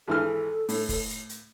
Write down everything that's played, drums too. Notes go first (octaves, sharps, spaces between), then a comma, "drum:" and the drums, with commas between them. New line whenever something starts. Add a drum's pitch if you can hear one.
G#1 E3 A4 F6
A2, drum: open hi-hat
drum: kick F1, open hi-hat
drum: hi-hat
drum: hi-hat